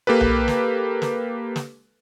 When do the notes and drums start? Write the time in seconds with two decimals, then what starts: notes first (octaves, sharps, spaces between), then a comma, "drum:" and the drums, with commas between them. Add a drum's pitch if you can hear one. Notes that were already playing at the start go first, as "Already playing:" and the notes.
0.07 A#3 G4 A4 B4
0.21 drum: tom B1
0.48 drum: snare
1.02 drum: snare
1.56 drum: snare